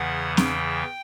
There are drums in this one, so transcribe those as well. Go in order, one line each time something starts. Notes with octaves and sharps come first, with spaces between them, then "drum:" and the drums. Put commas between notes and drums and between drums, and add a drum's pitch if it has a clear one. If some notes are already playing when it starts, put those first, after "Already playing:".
Already playing: E2 C#3 E3 F#5
G5, drum: snare C4